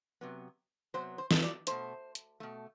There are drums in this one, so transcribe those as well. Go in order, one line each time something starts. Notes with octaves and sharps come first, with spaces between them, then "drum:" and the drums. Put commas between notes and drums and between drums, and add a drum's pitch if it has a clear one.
C3 F#3 B3
C3 F#3 B3 C5
C5
drum: snare
D5
B2 A3 C5, drum: hi-hat
drum: hi-hat
B2 A3